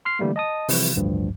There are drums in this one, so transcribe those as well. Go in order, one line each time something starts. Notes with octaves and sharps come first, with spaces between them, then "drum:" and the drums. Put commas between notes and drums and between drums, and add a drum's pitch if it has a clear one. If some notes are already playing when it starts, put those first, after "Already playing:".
C6 F6 C7
D3 E3 G3 A3 A#3
D#5 A5 D#6
C3 E3 F3 G3 E4, drum: open hi-hat
A1 D2 G2 F3